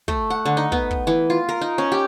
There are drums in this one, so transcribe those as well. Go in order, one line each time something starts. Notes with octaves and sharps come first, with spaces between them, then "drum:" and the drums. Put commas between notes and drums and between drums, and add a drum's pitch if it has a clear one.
A3, drum: kick
F#5
D3
D#4
B3, drum: kick
drum: kick
E3
F4
A#4
D#4
C#4
G4